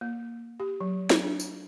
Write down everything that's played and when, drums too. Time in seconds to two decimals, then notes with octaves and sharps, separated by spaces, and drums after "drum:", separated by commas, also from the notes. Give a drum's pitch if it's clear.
0.01 A#3
0.60 G4
0.81 F#3
1.10 drum: snare
1.23 D4
1.40 drum: tambourine